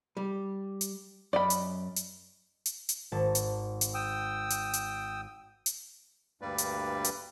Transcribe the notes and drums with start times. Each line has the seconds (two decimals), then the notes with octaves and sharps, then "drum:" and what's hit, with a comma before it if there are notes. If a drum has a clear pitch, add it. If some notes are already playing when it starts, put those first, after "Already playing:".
0.17 G3
0.81 drum: hi-hat
1.33 F#2 D5 D#5 B5
1.50 drum: hi-hat
1.96 drum: hi-hat
2.66 drum: hi-hat
2.89 drum: hi-hat
3.12 G#1 A5
3.35 drum: hi-hat
3.81 drum: hi-hat
3.94 G5 D#6 E6
4.50 drum: hi-hat
4.73 drum: hi-hat
5.66 drum: hi-hat
6.41 D2 G2 G3 A#3 B4 D5
6.58 drum: hi-hat
7.04 drum: hi-hat